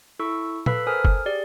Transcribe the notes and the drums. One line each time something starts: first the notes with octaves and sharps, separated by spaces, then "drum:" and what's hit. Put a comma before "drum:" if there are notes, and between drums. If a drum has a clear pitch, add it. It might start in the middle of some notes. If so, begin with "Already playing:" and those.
E4 A4 C#6 E6
A4 B4 F5 B5 E6 B6, drum: tom
A4 A#4 C5 G#5 D#6 F6
drum: kick F#1
G4 G#4 D5